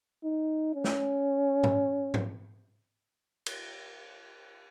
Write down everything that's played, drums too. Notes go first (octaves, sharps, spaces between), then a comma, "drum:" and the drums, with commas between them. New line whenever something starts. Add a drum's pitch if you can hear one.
D#4
C#4
drum: snare
drum: tom
drum: tom
drum: cymbal